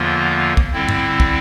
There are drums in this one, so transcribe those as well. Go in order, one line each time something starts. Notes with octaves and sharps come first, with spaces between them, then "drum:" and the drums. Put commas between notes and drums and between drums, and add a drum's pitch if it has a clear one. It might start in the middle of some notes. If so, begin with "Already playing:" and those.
Already playing: E2 D3 F3 A#3 F4
drum: kick
D3 G3 C4 E4
drum: tom G2
drum: kick